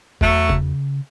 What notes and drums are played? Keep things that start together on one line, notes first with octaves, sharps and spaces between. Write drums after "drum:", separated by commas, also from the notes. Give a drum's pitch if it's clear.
E2 F#3 A3, drum: kick
C#3, drum: kick